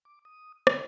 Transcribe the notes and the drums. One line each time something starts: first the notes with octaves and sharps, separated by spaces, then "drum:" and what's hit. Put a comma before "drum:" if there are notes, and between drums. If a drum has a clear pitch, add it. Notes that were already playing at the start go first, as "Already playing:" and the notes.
D6
D#6
D3 E4, drum: rim click